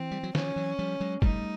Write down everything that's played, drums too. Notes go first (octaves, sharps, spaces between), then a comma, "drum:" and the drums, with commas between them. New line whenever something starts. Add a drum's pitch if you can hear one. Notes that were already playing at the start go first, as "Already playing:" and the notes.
Already playing: E3 C4
G3
F#3
D#3 F3 C#4, drum: snare
E3 F#3
F3 G3
F#3 G#3
G3 A3 D#4, drum: kick